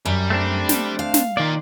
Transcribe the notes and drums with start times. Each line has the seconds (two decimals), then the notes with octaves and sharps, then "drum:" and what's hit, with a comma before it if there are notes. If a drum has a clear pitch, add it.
0.05 F#2 G3
0.30 A3 C4 D4
0.69 drum: snare
0.99 F5
1.14 drum: snare
1.37 D#3 A#3 F4 D5